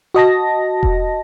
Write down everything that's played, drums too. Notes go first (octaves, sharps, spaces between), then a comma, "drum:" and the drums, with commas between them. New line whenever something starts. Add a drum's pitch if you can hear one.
F#4 D#5 A5 A#6
drum: kick E1